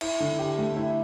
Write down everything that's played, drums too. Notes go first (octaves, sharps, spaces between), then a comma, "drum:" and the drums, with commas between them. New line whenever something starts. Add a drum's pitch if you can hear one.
E4, drum: cymbal
D3
G4
A3
E4